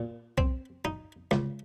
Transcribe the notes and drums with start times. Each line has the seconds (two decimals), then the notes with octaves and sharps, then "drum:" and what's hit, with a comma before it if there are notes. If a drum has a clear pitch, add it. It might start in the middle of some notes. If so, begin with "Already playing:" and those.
Already playing: A#2
0.38 C4, drum: kick
0.85 D#4
1.31 C#2, drum: rim click